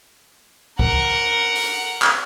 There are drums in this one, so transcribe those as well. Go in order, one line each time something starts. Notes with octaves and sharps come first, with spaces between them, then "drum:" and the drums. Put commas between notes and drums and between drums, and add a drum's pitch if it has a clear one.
A#4 F#5, drum: kick
drum: open hi-hat
drum: clap